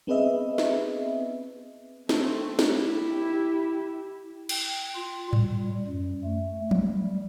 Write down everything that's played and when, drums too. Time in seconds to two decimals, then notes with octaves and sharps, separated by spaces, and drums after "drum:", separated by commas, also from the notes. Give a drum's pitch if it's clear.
0.07 B3 C4 G#4 B4 D#5 E5
0.58 drum: snare
2.09 A3 C4, drum: snare
2.59 E4 G4, drum: snare
4.49 G5, drum: cymbal
4.95 F4
5.33 G3, drum: tom G#2
5.87 F#2
6.24 A3
6.71 G3, drum: tom